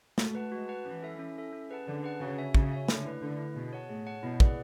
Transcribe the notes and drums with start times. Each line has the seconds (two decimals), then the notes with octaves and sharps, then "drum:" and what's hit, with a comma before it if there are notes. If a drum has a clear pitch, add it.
0.18 A3 F#4, drum: snare
0.35 B4 F#5 A5
0.52 G#3 F#4
0.68 B4 F#5 A5
0.85 E3 C#4
1.02 E4 A4 E5
1.19 C#4
1.36 E4 A4 E5
1.52 C#4
1.70 G#4 B4 F#5 A5
1.87 D3 C#4
2.03 G#4 B4 F#5 A5
2.20 C#3 F#4
2.38 C#5 E5 G#5
2.55 C#3 F#4, drum: kick
2.72 C#5 E5 G#5
2.88 D3 A3, drum: snare
3.05 E4 B4
3.22 D3 A3
3.39 E4 B4
3.55 B2 G#4
3.73 C#5 F#5 A5
3.89 A2 G#4
4.07 C#5 F#5 A5
4.23 B2 E4
4.40 G#4 B4 D5 F#5, drum: kick